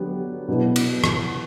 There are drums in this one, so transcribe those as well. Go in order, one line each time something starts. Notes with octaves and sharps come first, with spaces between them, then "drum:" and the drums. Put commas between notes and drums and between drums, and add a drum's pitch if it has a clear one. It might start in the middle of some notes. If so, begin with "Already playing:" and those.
Already playing: D3 F#3 B3 G4
B2 F#3 B3 E4 B4
drum: cymbal
drum: rim click